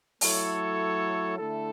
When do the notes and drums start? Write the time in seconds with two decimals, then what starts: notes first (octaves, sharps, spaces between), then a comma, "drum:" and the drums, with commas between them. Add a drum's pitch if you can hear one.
0.21 F#3 A3 E4 A4 C#5, drum: open hi-hat
1.37 D3 A3 E4 A4